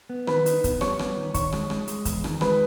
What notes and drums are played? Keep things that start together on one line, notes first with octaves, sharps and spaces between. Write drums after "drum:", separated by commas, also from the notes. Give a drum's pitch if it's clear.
B3
D#3 B4 B5, drum: rim click
D#4, drum: hi-hat
B3, drum: kick, hi-hat
G3 C#5 C#6, drum: rim click
B3, drum: rim click
D#3
D#3 C#5 C#6, drum: kick, hi-hat
G#3, drum: rim click
G#3, drum: rim click
G#3, drum: hi-hat
E2, drum: kick, hi-hat
D#3, drum: rim click
G#3 B4 B5, drum: rim click